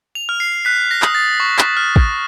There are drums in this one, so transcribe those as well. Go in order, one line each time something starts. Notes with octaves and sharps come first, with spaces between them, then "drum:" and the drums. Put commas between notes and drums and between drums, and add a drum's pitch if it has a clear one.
F7
F6
C7
F#6 B6
A#6
D#6, drum: clap
A6
C#6
drum: clap
F6
drum: kick